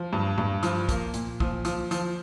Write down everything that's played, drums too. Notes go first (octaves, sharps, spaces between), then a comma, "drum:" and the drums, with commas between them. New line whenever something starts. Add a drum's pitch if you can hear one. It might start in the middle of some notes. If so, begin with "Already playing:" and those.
Already playing: F3
G2
G2, drum: tom A2
F3, drum: hi-hat
A#3, drum: kick, hi-hat
A#2, drum: hi-hat
F3, drum: kick
F3, drum: hi-hat
F3, drum: hi-hat